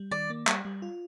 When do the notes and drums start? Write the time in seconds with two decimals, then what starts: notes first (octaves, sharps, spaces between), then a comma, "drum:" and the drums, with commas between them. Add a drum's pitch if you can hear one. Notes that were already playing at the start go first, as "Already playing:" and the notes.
Already playing: G3
0.11 D#3 D5
0.30 A#3
0.47 G3, drum: clap
0.65 G3
0.82 F4